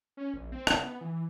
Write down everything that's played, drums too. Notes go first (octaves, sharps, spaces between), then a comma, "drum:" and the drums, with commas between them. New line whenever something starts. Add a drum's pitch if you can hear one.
C#4
A#1
C4
C#3, drum: rim click
B3
E3